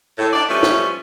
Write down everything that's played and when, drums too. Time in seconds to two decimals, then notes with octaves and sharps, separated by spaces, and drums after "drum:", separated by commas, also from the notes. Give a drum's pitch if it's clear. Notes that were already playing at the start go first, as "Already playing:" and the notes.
0.18 A2
0.33 D4 D#4 D5
0.49 F3 G3 A3 C#4 B4
0.63 drum: snare